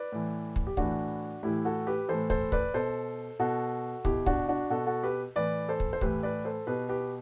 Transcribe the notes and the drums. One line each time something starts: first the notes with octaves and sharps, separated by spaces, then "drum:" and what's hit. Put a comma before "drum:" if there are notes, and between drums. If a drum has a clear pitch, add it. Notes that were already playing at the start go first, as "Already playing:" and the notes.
Already playing: B4 D5
A2 E3
drum: kick
G4
A2 E3 D4 F#4, drum: kick
A2 E3 E4 G4
F#4 A4
G4 B4
A2 E3 A4 C5
A4 C5, drum: kick
B4 D5, drum: kick
B2 A4 C5
B2 F#4 A4
B2 E4 G4, drum: kick
D4 F#4, drum: kick
D4 F#4
B2 F#4 A4
F#4 A4
G4 B4
A2 E3 B4 D5
A4 C5
drum: kick
C5
A2 E3 G4 B4, drum: kick
B4 D5
A4 C5
B2 G4 B4
G4 B4